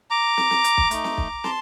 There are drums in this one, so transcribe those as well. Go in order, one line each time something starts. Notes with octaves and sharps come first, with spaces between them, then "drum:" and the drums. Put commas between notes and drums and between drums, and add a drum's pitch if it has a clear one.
A#5 D6
drum: snare
drum: snare
drum: hi-hat
drum: kick
A3 D#4, drum: hi-hat
drum: snare
drum: kick
A5 C6, drum: snare